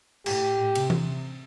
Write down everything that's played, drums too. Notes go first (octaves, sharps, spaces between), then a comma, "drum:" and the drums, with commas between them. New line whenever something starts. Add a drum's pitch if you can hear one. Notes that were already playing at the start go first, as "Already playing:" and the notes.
A2 G4, drum: cymbal
C3, drum: cymbal
drum: tom E3